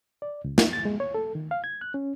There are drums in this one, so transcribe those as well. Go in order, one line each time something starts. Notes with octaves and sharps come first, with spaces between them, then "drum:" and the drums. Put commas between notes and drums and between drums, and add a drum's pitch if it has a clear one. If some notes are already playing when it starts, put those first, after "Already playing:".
D5
C#2
D#4, drum: snare
A6
G#3
C#5
A4
D#3
F5
G#6
F#6
C#4